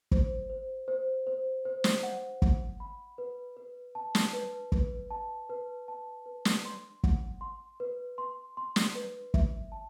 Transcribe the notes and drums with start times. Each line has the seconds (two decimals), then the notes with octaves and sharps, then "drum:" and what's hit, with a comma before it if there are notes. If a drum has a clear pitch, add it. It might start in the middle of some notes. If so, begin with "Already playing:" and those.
0.11 C5, drum: kick
0.50 C5
0.88 C5
1.27 C5
1.65 C5
1.84 drum: snare
2.03 F#5
2.42 F#5, drum: kick
2.80 B5
3.18 B4
3.57 B4
3.95 A5
4.15 drum: snare
4.33 B4
4.72 B4, drum: kick
5.11 A5
5.50 B4
5.88 A5
6.26 B4
6.45 drum: snare
6.65 C6
7.04 F#5, drum: kick
7.41 C6
7.80 B4
8.18 C6
8.57 C6
8.76 drum: snare
8.95 B4
9.34 E5, drum: kick
9.72 A5